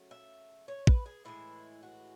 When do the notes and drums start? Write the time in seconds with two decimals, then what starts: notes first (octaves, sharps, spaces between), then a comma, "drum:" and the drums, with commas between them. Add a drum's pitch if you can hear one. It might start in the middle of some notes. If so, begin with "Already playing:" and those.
Already playing: C#3 F#3 A3
0.11 E5
0.68 C#5
0.87 B4, drum: kick
1.06 G#4
1.25 A2 E3 G#3 E4
1.83 F#4